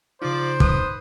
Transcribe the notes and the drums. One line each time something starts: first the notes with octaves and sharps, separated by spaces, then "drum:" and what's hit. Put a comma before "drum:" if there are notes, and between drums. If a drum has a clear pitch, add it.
C#3 F3 D#4 C5 D5
B4 D#6, drum: kick